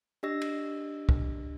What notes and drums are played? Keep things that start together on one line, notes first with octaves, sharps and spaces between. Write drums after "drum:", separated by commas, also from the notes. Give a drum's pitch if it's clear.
D4 G4 D#5 E6 A#6
drum: cymbal
drum: kick